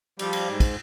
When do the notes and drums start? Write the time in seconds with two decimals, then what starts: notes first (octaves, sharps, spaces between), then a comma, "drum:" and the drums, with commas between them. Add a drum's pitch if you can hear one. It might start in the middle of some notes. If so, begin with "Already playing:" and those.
0.19 F3 G3, drum: cymbal
0.33 drum: cymbal
0.47 G#2
0.60 drum: kick, cymbal